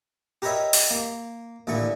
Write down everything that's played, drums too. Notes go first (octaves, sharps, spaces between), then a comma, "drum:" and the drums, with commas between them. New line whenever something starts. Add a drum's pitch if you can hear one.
G4 A#4 B4 C#5 D#5 E5
drum: open hi-hat
A#3
A1 A#2 D3 E3 C#6